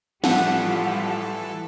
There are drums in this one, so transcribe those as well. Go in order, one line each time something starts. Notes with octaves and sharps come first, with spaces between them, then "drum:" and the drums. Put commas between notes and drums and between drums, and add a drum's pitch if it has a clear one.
A2 E3 F3 G3 F4 G4 A4 F#5, drum: snare